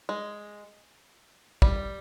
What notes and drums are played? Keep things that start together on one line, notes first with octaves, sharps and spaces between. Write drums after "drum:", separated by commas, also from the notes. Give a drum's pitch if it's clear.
G#3
G3, drum: kick